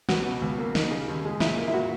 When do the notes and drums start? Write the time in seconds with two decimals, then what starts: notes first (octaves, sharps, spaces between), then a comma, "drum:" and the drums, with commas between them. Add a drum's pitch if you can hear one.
0.09 C#2 F#4, drum: snare
0.26 B2
0.42 C#2
0.58 A#3
0.75 D#4, drum: snare
0.91 C#3
1.08 D#2
1.25 G#3
1.40 A#2 E4, drum: snare
1.57 A#3
1.68 E4
1.74 A#2 F#4